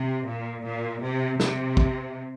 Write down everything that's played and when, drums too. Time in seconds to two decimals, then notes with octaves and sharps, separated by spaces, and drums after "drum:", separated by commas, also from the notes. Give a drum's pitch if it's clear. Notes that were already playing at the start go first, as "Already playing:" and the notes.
Already playing: C3
0.27 A#2
0.64 A#2
1.02 C3
1.40 C3, drum: snare
1.77 drum: kick